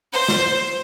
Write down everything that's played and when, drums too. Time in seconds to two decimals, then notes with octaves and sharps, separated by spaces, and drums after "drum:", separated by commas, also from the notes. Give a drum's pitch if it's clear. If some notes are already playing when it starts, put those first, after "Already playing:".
0.14 C5, drum: open hi-hat
0.29 drum: snare